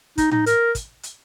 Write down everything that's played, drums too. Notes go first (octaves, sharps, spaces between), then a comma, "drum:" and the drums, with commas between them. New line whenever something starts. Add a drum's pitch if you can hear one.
D#4, drum: kick, hi-hat
D#4, drum: tom A2
A#4, drum: hi-hat
drum: kick, hi-hat
drum: hi-hat